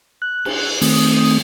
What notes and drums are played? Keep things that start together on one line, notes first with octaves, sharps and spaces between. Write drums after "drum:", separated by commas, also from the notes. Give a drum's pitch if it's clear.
F#6
drum: cymbal
D#3 A3 C4 D#6, drum: open hi-hat